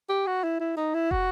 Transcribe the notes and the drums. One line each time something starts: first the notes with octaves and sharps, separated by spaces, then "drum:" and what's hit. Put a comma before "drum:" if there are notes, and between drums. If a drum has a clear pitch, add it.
G4
F#4
E4
E4
D#4
E4
F#4, drum: kick